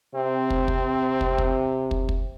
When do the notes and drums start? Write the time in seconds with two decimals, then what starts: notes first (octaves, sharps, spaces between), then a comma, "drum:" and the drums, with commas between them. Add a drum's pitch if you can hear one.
0.15 C3 C4
0.50 drum: kick
0.68 drum: kick
1.21 drum: kick
1.38 drum: kick
1.91 drum: kick
2.09 drum: kick